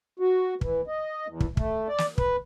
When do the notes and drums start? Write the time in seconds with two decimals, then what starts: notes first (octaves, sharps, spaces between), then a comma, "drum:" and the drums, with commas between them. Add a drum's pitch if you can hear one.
0.19 F#4
0.61 E3, drum: kick
0.87 D#5
1.27 E2
1.40 drum: kick
1.57 A3, drum: kick
1.88 D5
1.98 drum: snare
2.18 B4, drum: kick